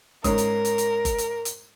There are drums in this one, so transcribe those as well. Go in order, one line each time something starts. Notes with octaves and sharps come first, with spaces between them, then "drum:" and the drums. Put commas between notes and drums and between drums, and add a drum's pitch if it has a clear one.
G#2 C#4 A#4 D#6, drum: kick F#1, hi-hat
drum: hi-hat
drum: hi-hat
drum: hi-hat
drum: kick F#1, hi-hat
drum: hi-hat
drum: hi-hat